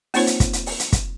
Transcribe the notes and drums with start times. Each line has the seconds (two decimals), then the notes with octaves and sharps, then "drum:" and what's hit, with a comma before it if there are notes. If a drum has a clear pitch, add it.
0.14 A#3 C4 D#4 F4 C5 C#5, drum: open hi-hat
0.27 drum: hi-hat
0.40 drum: kick, hi-hat
0.53 drum: hi-hat
0.66 drum: open hi-hat
0.79 drum: hi-hat
0.93 drum: kick, hi-hat